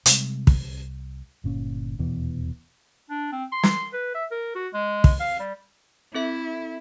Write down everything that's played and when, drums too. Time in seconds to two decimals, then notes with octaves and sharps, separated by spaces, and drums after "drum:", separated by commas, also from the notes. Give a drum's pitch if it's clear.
0.06 C3 G3 G#3, drum: hi-hat
0.47 C2, drum: kick
1.44 G1 A#2 C#4
1.99 D#1 E2 B2 E3
3.10 D4
3.32 C4
3.52 C6
3.63 drum: snare
3.93 B4
4.15 E5
4.32 A#4
4.56 F#4
4.74 G#3
5.04 drum: kick
5.20 F5
5.40 G3
6.15 C4 E4 A4 E5